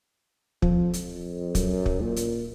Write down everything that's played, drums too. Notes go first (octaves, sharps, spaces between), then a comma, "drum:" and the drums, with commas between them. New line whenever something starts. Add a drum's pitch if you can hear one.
F2 F3, drum: kick
drum: hi-hat
F#2 F#3, drum: kick, hi-hat
drum: kick
A#2
drum: hi-hat